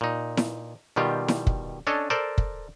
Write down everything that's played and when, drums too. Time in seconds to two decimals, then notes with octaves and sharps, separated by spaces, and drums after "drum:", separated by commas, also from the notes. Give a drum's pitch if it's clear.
0.01 A#2 D#4
0.37 drum: snare E4
0.96 B2 D#3 G3 F4 G4
1.28 drum: snare E4
1.47 drum: kick
1.87 C#4 D4 A4 C#5 D#5
2.10 A4 A#4 C5 D5
2.38 drum: kick